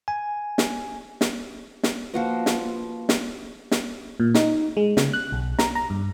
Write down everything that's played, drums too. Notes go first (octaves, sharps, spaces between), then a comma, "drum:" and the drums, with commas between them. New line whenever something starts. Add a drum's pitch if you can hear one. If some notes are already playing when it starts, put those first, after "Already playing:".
G#5
drum: snare
drum: snare
drum: snare
F3 A#3 F4 F#4 B4 D#5
drum: snare
drum: snare
drum: snare
A#2
D#4, drum: snare
G#3
C#3, drum: snare
F#6
B1
A#5, drum: snare
A#5
G2